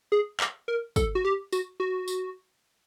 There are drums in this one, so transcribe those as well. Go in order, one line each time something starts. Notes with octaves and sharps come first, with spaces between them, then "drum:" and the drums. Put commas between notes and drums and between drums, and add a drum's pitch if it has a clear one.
G#4
drum: clap
A#4
A4, drum: kick, tambourine
F#4
G4
F#4, drum: tambourine
F#4
drum: tambourine